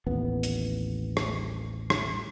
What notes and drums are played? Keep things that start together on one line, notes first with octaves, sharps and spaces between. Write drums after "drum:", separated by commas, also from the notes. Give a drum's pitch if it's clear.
A1 D#2 B3
drum: hi-hat
drum: rim click
drum: rim click